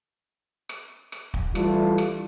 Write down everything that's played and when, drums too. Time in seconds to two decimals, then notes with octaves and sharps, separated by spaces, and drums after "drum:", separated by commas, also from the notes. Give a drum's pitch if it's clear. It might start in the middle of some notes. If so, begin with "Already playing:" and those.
0.69 drum: rim click
1.12 drum: rim click
1.34 drum: kick
1.55 E3 G3 A3 D4 E4 F4, drum: rim click
1.98 drum: rim click